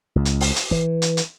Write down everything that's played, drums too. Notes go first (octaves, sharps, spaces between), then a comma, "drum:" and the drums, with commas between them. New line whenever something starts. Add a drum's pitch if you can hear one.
C#2
drum: hi-hat
drum: open hi-hat
drum: hi-hat
E3, drum: kick
drum: hi-hat
drum: hi-hat